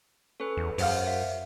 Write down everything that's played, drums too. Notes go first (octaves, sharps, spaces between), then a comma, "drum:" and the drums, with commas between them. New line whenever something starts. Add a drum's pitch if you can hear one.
C#4 A4 B4 G#5
E2
F#2 G#4 C5 F5 F#5 F6, drum: open hi-hat
E5 F5